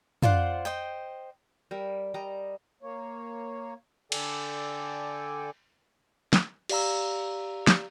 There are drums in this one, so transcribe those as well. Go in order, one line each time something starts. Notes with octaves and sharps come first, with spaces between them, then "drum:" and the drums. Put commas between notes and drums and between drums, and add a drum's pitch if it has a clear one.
F4 C5 D5 F#5, drum: tom
C5 D#5 G5
G3 A#4 E5
G3 D#5 A#5
A#3 C#5
D3 A4 D5 G5 G#5, drum: cymbal
drum: snare
G4 D5 F5 A#5 E6, drum: cymbal
drum: snare